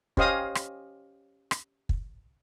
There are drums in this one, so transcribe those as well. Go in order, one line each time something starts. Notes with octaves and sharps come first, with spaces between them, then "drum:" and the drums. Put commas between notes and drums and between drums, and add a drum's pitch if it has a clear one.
C#4 G4 C5 D#5 F5 D#6, drum: kick
drum: rim click
drum: rim click
drum: kick